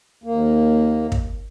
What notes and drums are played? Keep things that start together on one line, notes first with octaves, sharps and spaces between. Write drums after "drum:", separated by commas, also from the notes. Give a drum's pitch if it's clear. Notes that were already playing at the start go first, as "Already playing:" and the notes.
D#2 A#3
drum: kick